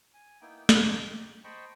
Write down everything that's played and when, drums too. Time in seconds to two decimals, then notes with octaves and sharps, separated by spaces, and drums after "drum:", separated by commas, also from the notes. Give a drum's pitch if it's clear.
0.14 G#5
0.41 A#3 B3 D#4 E4 G5
0.69 D4 D#4 G4 C#5, drum: snare
1.03 G4
1.44 C5 D#5 G5 A5 B5 C#6